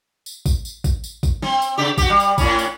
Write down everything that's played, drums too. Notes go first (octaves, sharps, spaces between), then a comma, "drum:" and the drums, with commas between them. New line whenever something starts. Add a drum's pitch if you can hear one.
drum: tambourine
drum: kick, tambourine
drum: tambourine
drum: kick, tambourine
drum: tambourine
drum: kick, tambourine
C4, drum: snare
drum: tambourine
C#3 G4
F#4 G4, drum: kick, tambourine
G3
drum: tambourine
A2 C#4, drum: kick, tambourine
drum: tambourine